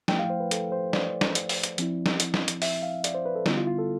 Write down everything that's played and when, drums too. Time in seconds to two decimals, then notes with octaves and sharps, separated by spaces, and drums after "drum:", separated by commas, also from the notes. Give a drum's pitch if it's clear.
0.08 F3 A3 E4 G5, drum: snare
0.19 F5
0.30 C5
0.40 B4
0.51 A4, drum: hi-hat
0.72 C5
0.93 D5, drum: snare
1.21 drum: snare
1.35 drum: hi-hat
1.49 drum: open hi-hat
1.63 drum: hi-hat
1.78 F3 C4 E4, drum: hi-hat
2.06 drum: snare
2.20 drum: hi-hat
2.34 drum: snare
2.48 drum: hi-hat
2.62 E5, drum: open hi-hat
2.83 F5
3.04 D5, drum: hi-hat
3.15 C5
3.25 B4
3.36 A4
3.46 D3 G3 B3 E4 F4, drum: snare
3.57 F4
3.67 F4
3.78 A4